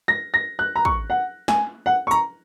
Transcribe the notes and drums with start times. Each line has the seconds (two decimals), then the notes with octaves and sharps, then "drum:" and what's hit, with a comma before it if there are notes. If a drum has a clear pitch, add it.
0.08 A#6
0.34 A#6
0.59 F#6
0.76 A#5
0.85 C#6, drum: kick
1.10 F#5
1.48 G#5, drum: snare
1.86 F#5
2.07 C#6
2.11 A#5, drum: hi-hat